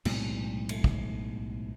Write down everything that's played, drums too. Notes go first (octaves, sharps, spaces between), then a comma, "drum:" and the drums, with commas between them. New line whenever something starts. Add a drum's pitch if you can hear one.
B1 A2 C3 G#3, drum: cymbal
drum: cymbal
drum: kick